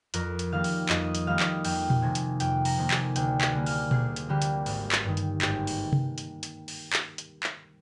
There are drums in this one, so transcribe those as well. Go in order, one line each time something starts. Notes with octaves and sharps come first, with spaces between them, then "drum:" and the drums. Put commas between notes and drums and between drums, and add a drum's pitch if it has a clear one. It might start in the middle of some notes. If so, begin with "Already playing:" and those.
F2 A#4, drum: hi-hat
drum: hi-hat
D#3 G3 A#3 F5
drum: open hi-hat
F2 D#5, drum: clap
drum: hi-hat
D#3 G3 A#3 F5
drum: clap
F2 G5, drum: open hi-hat
drum: tom A#2
C3 D#3 A#3 G#5
drum: hi-hat
F2 G5, drum: hi-hat
A#5, drum: open hi-hat
C3 D#3 A#3
G#5, drum: clap
D2 G5, drum: hi-hat
G#5, drum: clap
D3 G3 A#3
F5, drum: open hi-hat
D2 G#4, drum: tom A#2
drum: hi-hat
D3 G3 A#3 G4
drum: hi-hat
G#1, drum: open hi-hat
drum: clap
G2 D#3
drum: hi-hat
G#1 G4, drum: clap
drum: open hi-hat
drum: tom C3
drum: hi-hat
drum: hi-hat
drum: open hi-hat
drum: clap
drum: hi-hat
drum: clap